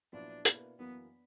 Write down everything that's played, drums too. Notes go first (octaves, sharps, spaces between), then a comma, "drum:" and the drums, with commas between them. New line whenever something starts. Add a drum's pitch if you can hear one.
A#1 A#2 F#3 B3 D4 E4
B2 A#3 E4 B4, drum: hi-hat
F#2 E3 A#3 B3